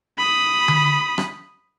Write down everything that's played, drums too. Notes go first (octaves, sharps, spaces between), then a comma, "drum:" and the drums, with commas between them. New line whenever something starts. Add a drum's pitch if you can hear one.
B5 D#6
drum: tom D3
drum: rim click